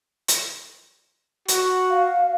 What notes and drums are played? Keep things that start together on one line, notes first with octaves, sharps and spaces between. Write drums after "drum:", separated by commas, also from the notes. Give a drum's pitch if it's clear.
drum: hi-hat
F#4, drum: hi-hat
F5